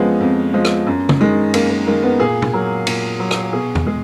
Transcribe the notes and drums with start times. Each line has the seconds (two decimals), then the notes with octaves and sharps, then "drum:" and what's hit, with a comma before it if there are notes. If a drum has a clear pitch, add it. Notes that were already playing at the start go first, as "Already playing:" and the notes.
Already playing: F2 F3 G#3 B3 C#4
0.21 F2
0.53 F3 G#3
0.65 drum: rim click
0.87 F#2
1.09 drum: tom C#3
1.20 D#3 G#3
1.54 F#2 A#3, drum: cymbal
1.70 A#3
1.87 D#3 G#3 A#3
2.03 B3
2.20 A#2 G#4
2.42 drum: tom
2.53 F#3 A#4
2.87 A#2, drum: cymbal
3.20 F#3
3.31 drum: rim click
3.53 B2 G#4
3.75 drum: tom E2
3.86 G#3 G#4